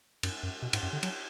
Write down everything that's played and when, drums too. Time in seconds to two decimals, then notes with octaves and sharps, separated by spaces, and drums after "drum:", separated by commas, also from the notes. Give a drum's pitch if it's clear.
0.23 F#2, drum: cymbal
0.43 F#2
0.62 B2
0.73 G#2, drum: cymbal
0.83 F#2
0.93 D3
1.03 F#3, drum: cymbal